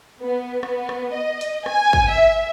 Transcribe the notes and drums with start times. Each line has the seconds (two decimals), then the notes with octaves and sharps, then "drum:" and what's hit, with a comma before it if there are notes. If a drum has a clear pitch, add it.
0.21 B3
0.63 B3, drum: rim click
0.89 drum: rim click
1.12 D#5
1.41 drum: hi-hat
1.66 G#5, drum: rim click
1.93 drum: kick
2.10 E5